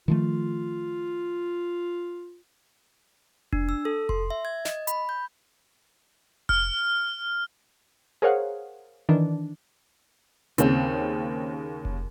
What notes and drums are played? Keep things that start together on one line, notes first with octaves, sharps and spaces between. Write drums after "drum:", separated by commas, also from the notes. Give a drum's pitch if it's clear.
D#3 F3 A3 F4
D4, drum: kick F1
E6
A4
C6, drum: kick F1
E5
G#6
D#5, drum: snare
B5, drum: hi-hat
G6
F6, drum: kick F1
G#4 A#4 C5 C#5 F5 F#5
D#3 E3 D4
D#2 C#3 C4, drum: hi-hat
drum: kick F1